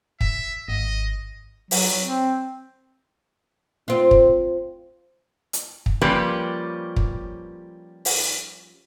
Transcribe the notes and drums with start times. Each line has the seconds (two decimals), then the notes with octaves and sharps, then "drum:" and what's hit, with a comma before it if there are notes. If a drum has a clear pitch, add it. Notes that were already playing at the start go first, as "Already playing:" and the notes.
0.21 E5, drum: kick
0.68 G#1 D#5
1.71 F#3, drum: open hi-hat
2.03 C4
3.88 C4 F4
4.11 drum: kick
5.53 drum: hi-hat
5.86 drum: kick
6.01 F3 G3 A#3 C#4 G4 B4
6.96 drum: kick
8.05 drum: open hi-hat